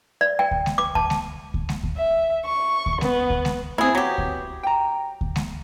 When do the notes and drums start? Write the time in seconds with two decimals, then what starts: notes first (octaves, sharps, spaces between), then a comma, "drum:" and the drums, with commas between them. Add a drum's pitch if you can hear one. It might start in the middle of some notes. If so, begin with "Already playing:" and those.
0.21 D5
0.39 G5
0.51 drum: kick D2
0.66 drum: snare G#3
0.78 D6
0.95 A5, drum: kick D2
1.10 drum: snare G#3
1.54 drum: kick D2
1.69 drum: snare G#3
1.83 drum: kick D2
1.97 E5
2.46 C#6
2.86 drum: kick D2
3.01 B3, drum: snare G#3
3.30 drum: kick D2
3.45 drum: snare G#3
3.78 A#3 C4 E4 G#4
3.95 F#3 B3 G4
4.18 drum: kick D2
4.64 G5 A#5
5.21 drum: kick D2
5.36 drum: snare G#3